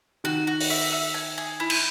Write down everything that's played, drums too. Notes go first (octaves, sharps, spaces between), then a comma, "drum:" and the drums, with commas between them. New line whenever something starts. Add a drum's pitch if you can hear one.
D#3 F#4
F#4
drum: open hi-hat
E5
E5
G#5
G#4
E4
drum: cymbal